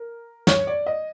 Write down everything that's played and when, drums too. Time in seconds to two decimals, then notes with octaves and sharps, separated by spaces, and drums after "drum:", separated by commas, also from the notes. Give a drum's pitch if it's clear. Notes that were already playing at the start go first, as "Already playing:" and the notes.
Already playing: A#4
0.47 C#5, drum: snare
0.67 D5
0.86 D#5